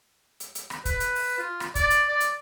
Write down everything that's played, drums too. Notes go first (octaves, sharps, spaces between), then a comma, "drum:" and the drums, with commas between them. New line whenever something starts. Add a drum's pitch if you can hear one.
drum: hi-hat
drum: hi-hat
drum: rim click
B4, drum: kick, hi-hat
drum: hi-hat
drum: open hi-hat
F4
drum: rim click
D5, drum: kick, hi-hat
drum: hi-hat
D5
drum: hi-hat